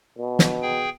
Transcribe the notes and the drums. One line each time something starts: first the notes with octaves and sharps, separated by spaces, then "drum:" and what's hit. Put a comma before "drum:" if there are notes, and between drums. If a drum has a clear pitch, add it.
B2
drum: snare
G#4 G5